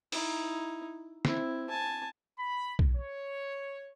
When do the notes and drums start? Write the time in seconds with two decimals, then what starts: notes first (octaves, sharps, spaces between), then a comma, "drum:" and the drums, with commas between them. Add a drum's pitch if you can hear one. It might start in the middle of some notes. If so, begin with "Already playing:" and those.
0.12 D#4 E4, drum: open hi-hat
1.25 C4 E4, drum: snare
1.69 G#5 A5
2.38 B5
2.79 drum: kick B1
2.96 C#5